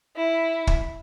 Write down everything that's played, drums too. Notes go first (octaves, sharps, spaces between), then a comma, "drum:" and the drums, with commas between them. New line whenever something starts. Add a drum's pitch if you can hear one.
E4
drum: kick